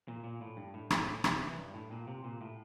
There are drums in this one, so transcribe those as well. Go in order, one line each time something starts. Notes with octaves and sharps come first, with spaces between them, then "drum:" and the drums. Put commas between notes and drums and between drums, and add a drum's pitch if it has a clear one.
A#2
A#2
A2
G2
A2
A2, drum: rim click
C3, drum: rim click
E3
G2
A2
A#2
C3
A#2
A2